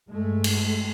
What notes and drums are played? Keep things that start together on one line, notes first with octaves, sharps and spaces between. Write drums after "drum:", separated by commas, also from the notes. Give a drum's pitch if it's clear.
G2 G#3 A3
drum: cymbal